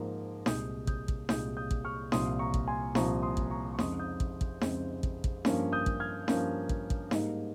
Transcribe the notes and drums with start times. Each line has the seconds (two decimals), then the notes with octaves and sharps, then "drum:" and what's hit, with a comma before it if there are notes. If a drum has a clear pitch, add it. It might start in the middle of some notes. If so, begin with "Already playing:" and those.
Already playing: G#2 F3 A#3
0.46 C2 A#2 G#3 D#6 G6, drum: snare D#4
0.87 D#6 G6, drum: kick
1.08 drum: kick
1.29 C2 A#2 G#3 D#6 G6, drum: snare D#4
1.57 D#6 G6
1.71 drum: kick
1.85 C#6 F6
2.12 C2 A#2 F3 C6 D#6, drum: snare D#4
2.39 A#5 C#6
2.54 drum: kick
2.68 G#5 C6
2.95 C2 A#2 F3 A#5 C#6, drum: snare D#4
3.23 C6 D#6
3.37 drum: kick
3.50 A#5 C#6
3.74 C#6
3.79 F2 C#3 G#3 C4 D#4 C6 D#6, drum: snare D#4
3.99 D#6 G6
4.20 drum: kick
4.41 drum: kick
4.61 F2 C#3 G#3 C4 D#4, drum: snare D#4
5.03 drum: kick
5.24 drum: kick
5.45 G2 F3 A#3 C#4, drum: snare D#4
5.72 D#6 G6
5.86 drum: kick
6.00 F6 G#6
6.28 G2 F3 A#3 C#4, drum: snare D#4
6.69 drum: kick
6.90 drum: kick
7.11 G#2 G3 A#3 D#4, drum: snare D#4